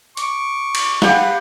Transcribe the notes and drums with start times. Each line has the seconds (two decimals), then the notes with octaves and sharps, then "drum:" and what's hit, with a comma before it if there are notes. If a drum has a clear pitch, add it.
0.17 C#6 D6, drum: hi-hat
0.75 drum: cymbal
1.02 G4 B4 F5 F#5, drum: snare